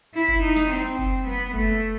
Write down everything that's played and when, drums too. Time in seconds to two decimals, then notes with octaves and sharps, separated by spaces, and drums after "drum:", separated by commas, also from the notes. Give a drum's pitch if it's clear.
0.14 E4
0.28 drum: kick F#1
0.42 D#4
0.56 drum: snare
0.71 C4
0.99 drum: kick F#1
1.27 B3, drum: tom
1.55 A3, drum: kick F#1